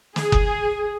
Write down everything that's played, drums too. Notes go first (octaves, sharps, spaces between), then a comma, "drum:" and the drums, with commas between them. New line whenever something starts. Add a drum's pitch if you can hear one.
G#4, drum: snare
drum: kick F#1